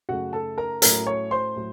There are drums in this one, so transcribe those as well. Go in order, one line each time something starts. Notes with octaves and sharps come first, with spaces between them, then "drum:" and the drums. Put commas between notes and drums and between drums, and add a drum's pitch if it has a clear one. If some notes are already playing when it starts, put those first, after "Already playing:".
F#2 C#3 F#3 A3 F#4 F#5
A4 A5
A#4 A#5
A2 F#3 A3 C#4 A#4 A#5, drum: hi-hat
C#5 C#6
C5 C6
A2 F#3